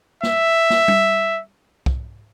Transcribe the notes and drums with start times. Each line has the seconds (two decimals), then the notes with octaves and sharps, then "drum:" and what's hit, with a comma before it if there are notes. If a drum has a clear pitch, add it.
0.23 E5, drum: snare
0.70 drum: snare
0.88 drum: tom G3
1.86 drum: kick C2